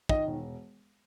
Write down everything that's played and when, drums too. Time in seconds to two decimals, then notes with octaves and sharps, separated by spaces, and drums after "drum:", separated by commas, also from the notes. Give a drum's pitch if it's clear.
0.09 D#3 D#5, drum: kick
0.27 E1